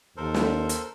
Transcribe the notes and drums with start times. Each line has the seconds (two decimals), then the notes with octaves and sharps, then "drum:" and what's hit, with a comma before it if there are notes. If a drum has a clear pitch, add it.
0.17 D#2 A4 A#4 C5
0.34 drum: snare
0.69 drum: hi-hat